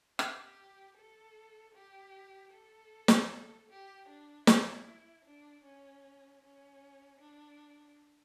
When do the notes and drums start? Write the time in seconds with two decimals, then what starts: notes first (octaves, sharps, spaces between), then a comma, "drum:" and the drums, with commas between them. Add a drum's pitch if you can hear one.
0.19 G4, drum: rim click
0.97 A4
1.75 G4
2.53 A4
3.08 drum: snare
3.70 G4
4.09 D4
4.47 E4, drum: snare
5.25 D4
5.64 C#4
6.42 C#4
7.19 D4